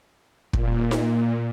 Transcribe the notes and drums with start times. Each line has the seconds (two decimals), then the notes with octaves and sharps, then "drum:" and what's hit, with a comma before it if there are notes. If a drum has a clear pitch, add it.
0.53 A#2, drum: kick
0.91 drum: snare D#4